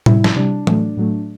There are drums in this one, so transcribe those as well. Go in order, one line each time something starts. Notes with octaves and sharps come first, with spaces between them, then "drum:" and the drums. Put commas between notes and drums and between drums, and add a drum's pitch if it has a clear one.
C3 G3 E4, drum: tom A2
drum: snare
C3 G3 D4
A2 F#3 A3, drum: tom E3
A2 F#3 A3